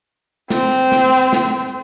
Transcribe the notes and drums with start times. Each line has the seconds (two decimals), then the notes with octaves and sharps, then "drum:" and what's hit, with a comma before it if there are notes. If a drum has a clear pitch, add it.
0.50 C4, drum: snare
0.71 drum: hi-hat
0.92 drum: snare
1.12 drum: hi-hat
1.33 drum: snare